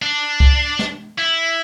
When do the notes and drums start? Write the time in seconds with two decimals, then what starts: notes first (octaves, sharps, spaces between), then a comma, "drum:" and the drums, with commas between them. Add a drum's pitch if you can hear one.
0.02 D4
0.40 drum: kick C2
0.79 drum: snare
1.18 E4